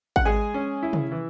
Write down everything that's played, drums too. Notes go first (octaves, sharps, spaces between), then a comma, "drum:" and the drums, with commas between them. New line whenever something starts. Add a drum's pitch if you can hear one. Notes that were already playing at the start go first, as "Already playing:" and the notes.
F#5, drum: kick G#1
G#3 G#4 G#5
C#4
E4
drum: tom C3
E3